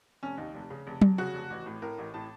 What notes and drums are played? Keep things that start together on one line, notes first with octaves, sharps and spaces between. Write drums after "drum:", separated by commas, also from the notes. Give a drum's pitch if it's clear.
F1 C#4
D#2 D#4
F1
C#3
F1
F1, drum: tom F#3
C#3 F#4
F1
A1
A2
A2 A#4
A1
A2 A5